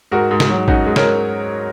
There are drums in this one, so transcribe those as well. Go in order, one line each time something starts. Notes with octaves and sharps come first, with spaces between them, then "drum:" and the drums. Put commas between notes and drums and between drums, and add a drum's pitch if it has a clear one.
G#2 F#4 A#4
G#2
drum: snare
F#3
C#4 D#4 F#4, drum: kick
G#2
A#4 C#5, drum: snare